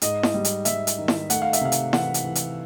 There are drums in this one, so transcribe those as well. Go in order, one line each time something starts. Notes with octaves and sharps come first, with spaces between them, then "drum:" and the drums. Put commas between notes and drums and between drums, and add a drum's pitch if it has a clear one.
G#2 D#5, drum: hi-hat
drum: snare E4
G3
drum: hi-hat
G3 E5, drum: hi-hat
drum: hi-hat
D#3
drum: snare E4
A3 F#5, drum: hi-hat
F5
E5, drum: hi-hat
C3 F5
drum: hi-hat
E3 F#5, drum: snare E4
drum: hi-hat
E3
drum: hi-hat